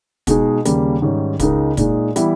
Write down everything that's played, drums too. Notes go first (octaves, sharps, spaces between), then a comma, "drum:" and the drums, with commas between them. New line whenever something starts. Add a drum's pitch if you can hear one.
B2 G#3 D#4 G#4, drum: kick, hi-hat
D#2 C#3 G3 A#3, drum: hi-hat
G#2 D#3 G3 C#4
C#2 C#3 G#3 D#4 A#4, drum: kick, hi-hat
A#2 G#3 D#4, drum: kick, hi-hat
E3 G3 B3 E4, drum: hi-hat